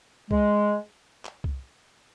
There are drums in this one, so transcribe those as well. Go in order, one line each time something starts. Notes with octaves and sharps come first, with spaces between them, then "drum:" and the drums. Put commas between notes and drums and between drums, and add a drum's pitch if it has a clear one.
G#3, drum: kick C2
drum: clap
drum: kick C2